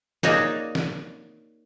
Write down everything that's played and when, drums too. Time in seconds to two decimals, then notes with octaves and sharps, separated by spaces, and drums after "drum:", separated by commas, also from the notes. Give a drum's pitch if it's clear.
0.23 A#3 D#4 F#4 G#4 C#5 D5, drum: snare
0.75 drum: snare